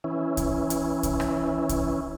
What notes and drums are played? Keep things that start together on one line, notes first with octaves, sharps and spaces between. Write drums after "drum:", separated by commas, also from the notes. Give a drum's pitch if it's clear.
E3 C#4 E4
drum: kick, hi-hat
drum: hi-hat
drum: kick, hi-hat
drum: rim click
drum: kick, hi-hat